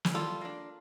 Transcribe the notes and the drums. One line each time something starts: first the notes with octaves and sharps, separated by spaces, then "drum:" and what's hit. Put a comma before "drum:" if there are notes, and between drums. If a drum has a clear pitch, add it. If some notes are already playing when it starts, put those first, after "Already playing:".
drum: snare
G3 F4 A4
A#3 D4